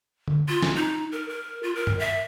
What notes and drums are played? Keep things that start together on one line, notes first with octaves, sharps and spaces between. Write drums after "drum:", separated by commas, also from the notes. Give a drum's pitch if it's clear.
drum: tom D3
F4
drum: snare
D#4
A#4
A#4
F4
A#4
drum: tom G2
E5